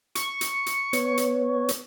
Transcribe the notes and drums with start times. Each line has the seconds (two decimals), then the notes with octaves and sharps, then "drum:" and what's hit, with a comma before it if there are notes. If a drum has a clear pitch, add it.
0.15 C#6, drum: hi-hat
0.41 drum: hi-hat
0.66 drum: hi-hat
0.93 B3 C#5, drum: hi-hat
1.17 drum: hi-hat
1.69 drum: hi-hat